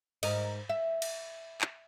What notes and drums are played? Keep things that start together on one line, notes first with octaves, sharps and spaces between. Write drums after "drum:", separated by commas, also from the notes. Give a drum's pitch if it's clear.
G#2 A#4 D#5, drum: cymbal
E5
drum: cymbal
drum: clap